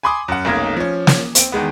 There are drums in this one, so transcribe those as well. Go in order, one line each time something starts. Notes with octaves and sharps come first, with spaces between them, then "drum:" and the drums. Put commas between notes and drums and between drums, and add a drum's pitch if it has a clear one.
G#5 B5 C6 D6 D#6
F#2 F#5
F1 B1 A#3 C#4 D#4 G#6
F3 C#4
drum: snare
C4 D7, drum: hi-hat
E2 D#3 G#3 B3